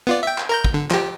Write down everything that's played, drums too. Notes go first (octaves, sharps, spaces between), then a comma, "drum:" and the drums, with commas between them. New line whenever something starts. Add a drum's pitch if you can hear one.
B3 F4 D5
E5 G5
drum: clap
A#4 A#5 G6
drum: kick
D3
F3 G4, drum: clap